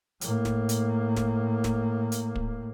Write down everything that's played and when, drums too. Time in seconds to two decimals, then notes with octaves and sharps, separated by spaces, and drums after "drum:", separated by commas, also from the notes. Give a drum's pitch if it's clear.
0.21 A2 A#3, drum: hi-hat
0.45 drum: snare
0.69 drum: hi-hat
1.16 drum: snare
1.64 drum: snare
2.12 drum: hi-hat
2.35 drum: kick